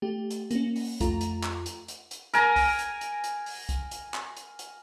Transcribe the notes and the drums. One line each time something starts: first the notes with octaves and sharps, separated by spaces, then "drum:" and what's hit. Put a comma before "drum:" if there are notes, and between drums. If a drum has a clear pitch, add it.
A3 G4
drum: hi-hat
A#3 C#4, drum: hi-hat
drum: open hi-hat
F2 A3 F4 A#5, drum: kick, hi-hat
drum: hi-hat
drum: clap
drum: hi-hat
drum: hi-hat
drum: hi-hat
A#4 G#5 A#5, drum: hi-hat
drum: kick, open hi-hat
drum: hi-hat
drum: hi-hat
drum: hi-hat
drum: open hi-hat
drum: kick, hi-hat
drum: hi-hat
drum: clap
drum: hi-hat
drum: hi-hat